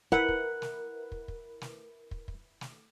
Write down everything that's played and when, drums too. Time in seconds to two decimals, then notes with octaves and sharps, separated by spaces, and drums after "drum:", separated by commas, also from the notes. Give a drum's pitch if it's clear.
0.12 E4 A#4 B4 F#5, drum: kick
0.29 drum: kick
0.62 drum: snare
1.12 drum: kick
1.28 drum: kick
1.61 drum: snare
2.11 drum: kick
2.28 drum: kick
2.61 drum: snare